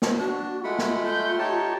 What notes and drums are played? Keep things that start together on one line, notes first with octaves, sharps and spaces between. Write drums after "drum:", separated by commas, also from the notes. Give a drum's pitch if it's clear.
drum: snare
D4 F#4
G#3 A3 F4 F#4 F#5 B5
drum: snare
A3 G6
D#4 G4 C#5 A5